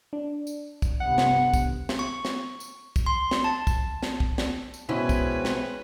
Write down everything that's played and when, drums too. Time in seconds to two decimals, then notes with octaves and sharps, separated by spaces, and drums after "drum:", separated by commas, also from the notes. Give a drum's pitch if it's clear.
0.13 D4
0.47 drum: tambourine
0.82 drum: kick, tambourine
1.00 G1 C3 B3 F#5
1.18 drum: snare
1.54 drum: kick, tambourine
1.89 drum: snare
1.99 C#6
2.25 drum: snare
2.60 drum: tambourine
2.96 drum: kick, tambourine
3.06 C6
3.31 drum: snare
3.44 A5
3.67 drum: kick, tambourine
4.03 drum: snare
4.20 drum: kick
4.38 drum: snare
4.74 drum: tambourine
4.89 B2 G#3 C4 C#4 E4 B4
5.09 drum: kick, tambourine
5.45 drum: snare